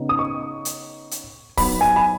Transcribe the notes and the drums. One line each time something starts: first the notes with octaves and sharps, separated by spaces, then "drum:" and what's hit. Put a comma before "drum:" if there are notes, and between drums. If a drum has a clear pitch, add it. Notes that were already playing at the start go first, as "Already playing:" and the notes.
Already playing: C#3 B3 D#4
D#6
C#6
drum: hi-hat
drum: hi-hat
F#3 B3 D#4 B5, drum: kick C#1, open hi-hat
G#5
B5